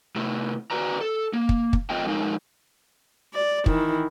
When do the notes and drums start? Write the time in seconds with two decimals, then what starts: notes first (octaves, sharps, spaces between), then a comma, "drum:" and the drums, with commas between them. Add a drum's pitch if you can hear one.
0.16 C3 A3 E4
0.71 F#4 B4 D5 A#5
1.01 A4
1.33 A#3
1.49 drum: kick
1.73 drum: kick
1.90 A3 C4 F4 D#5 F5 G5
2.06 F2 G#3 D#4 A#4 F5
3.34 D5
3.66 D#3 E3, drum: kick